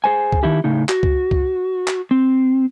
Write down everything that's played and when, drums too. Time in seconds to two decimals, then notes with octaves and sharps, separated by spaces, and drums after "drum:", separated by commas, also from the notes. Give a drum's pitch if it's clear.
0.04 G#4 C5 G#5
0.32 drum: kick C#2
0.43 D#3 D#4 E4 G4
0.64 A2 C#3 D#4
0.89 F#4, drum: clap
1.03 drum: kick C#2
1.31 drum: kick C#2
1.88 drum: clap
2.11 C4